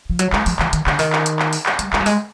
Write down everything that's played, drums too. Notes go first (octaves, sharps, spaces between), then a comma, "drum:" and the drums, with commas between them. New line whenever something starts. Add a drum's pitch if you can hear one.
F3
F#3, drum: hi-hat
G#3, drum: clap
F3, drum: open hi-hat
E3, drum: clap
D#3, drum: hi-hat
D3, drum: clap
D#3, drum: open hi-hat
drum: clap
drum: hi-hat
drum: clap
drum: open hi-hat
drum: clap
G3, drum: hi-hat
G#3, drum: clap
G3
G#3, drum: open hi-hat